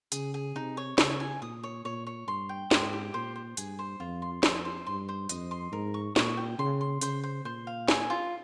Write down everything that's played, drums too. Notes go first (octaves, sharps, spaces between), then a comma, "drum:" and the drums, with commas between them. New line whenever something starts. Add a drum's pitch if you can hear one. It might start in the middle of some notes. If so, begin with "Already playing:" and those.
C#3 G#4, drum: hi-hat
G#4
C3 D#4
C#5
C#3 C#5, drum: snare
G#5
A#2 D#6
C#5
A#2 C#5
C#5
G2 C6
G5
G#2 C6, drum: snare
G4
A#2 C5
C5
G2 G#4, drum: hi-hat
C5
F2 F4
C6
F2 C5, drum: snare
C5
G2 C6
C5
F2 D#5, drum: hi-hat
C6
G#2 A#4
C#6
A#2 C#6, drum: snare
G5
C#3 C6
C6
C#3 C5, drum: hi-hat
C5
A#2 C5
F5
G#5, drum: snare
F4